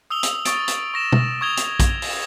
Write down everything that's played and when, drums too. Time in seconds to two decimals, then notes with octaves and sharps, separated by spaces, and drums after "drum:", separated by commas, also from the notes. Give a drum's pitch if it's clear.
0.10 D#6 E6 F7 G7
0.23 drum: hi-hat
0.45 C#6 D#6 A6 D7, drum: hi-hat
0.68 drum: hi-hat
0.94 C#6 A#6 E7
1.12 drum: tom
1.41 C#6 D#6 G#6 F7 G7
1.57 drum: hi-hat
1.80 drum: kick A#1, hi-hat
2.02 drum: open hi-hat